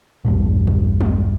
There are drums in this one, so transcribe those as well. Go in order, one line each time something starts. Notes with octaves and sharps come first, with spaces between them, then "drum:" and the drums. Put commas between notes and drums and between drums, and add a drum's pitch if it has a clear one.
A#1 E2 G2 A#2
drum: tom A2
drum: tom G3